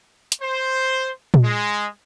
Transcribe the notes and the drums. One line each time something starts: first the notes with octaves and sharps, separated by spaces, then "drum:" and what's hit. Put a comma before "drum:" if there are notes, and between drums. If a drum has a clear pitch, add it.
drum: hi-hat
C5
drum: tom A#2
G#3